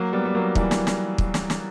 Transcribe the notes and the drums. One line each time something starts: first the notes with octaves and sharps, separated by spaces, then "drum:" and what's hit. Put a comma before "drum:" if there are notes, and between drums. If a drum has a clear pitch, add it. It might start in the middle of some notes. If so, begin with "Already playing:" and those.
Already playing: F#3 A#3
G3 B3
G3
F#3 A#3
E3 G3, drum: kick
drum: snare
drum: snare
drum: kick
drum: snare
drum: snare